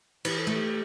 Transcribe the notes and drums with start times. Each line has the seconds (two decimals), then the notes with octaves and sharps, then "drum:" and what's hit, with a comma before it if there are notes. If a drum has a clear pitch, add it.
0.25 E3 G4, drum: cymbal
0.39 A4
0.47 A3
0.53 G4